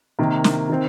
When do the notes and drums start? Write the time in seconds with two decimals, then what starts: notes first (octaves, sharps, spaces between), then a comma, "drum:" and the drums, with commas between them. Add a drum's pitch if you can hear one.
0.19 C3 D#3 A#3
0.44 drum: snare
0.69 D#3 C4